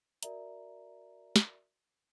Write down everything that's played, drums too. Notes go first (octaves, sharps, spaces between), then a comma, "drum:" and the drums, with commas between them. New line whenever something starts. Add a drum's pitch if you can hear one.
F#4 A#4 D5 E5 A#5, drum: hi-hat
drum: snare